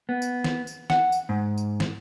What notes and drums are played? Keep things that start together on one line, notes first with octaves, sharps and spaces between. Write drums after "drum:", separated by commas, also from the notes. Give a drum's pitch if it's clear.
B3
drum: tambourine
drum: snare
drum: tambourine
F#5, drum: snare
drum: tambourine
G#2
drum: tambourine
drum: snare